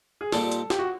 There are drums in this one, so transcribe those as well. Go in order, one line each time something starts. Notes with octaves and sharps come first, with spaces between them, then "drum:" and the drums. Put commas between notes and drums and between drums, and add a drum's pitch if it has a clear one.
G#4
A#2 G3 C4 D#4 G4 A4, drum: snare
drum: hi-hat
G4, drum: snare
F#4